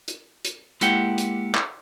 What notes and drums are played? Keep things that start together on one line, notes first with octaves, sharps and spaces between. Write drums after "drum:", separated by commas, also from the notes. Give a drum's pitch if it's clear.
drum: hi-hat
drum: hi-hat
G#3 A#3 E4 G4 F#5 G5, drum: hi-hat
drum: hi-hat
drum: clap